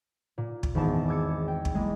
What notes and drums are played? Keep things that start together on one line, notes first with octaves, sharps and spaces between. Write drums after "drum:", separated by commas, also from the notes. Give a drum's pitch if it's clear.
A#2
drum: kick
G#1 E2 A5
D6 E6 G#6 C#7
G5
drum: kick
G#3 A#3 E4